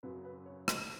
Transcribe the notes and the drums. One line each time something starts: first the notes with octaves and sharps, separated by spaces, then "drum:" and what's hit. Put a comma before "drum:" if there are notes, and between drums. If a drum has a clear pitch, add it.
F#2 C#3 F#3 B4
B4
C#5
D#5, drum: rim click